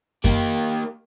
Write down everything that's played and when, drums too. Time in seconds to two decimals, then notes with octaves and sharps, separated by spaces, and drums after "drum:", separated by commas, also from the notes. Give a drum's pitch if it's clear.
0.24 A#3 G4, drum: kick F#2